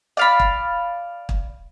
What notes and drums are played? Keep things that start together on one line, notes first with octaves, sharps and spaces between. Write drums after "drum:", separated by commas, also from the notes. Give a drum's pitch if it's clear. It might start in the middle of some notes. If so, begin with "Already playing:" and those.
D5 F5 B5
drum: kick
drum: kick